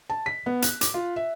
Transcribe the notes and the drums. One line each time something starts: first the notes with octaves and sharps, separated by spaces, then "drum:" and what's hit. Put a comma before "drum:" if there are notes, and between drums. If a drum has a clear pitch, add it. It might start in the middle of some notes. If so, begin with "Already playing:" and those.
A5
B6
B3
F#6, drum: hi-hat
D6, drum: hi-hat
F4
E5